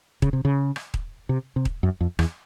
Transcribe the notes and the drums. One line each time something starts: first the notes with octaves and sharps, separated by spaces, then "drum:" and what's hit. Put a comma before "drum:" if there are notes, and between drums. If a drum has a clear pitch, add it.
C#3, drum: kick D#1
C3
C#3
drum: rim click
drum: kick D#1
C3
C3
drum: kick D#1
F#2
F2
E2, drum: rim click